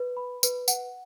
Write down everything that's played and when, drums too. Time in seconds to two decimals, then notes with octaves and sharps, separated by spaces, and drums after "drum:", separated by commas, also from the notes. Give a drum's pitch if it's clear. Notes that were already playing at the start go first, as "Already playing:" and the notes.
Already playing: B4
0.17 B5
0.43 B4, drum: tambourine
0.68 F#5, drum: tambourine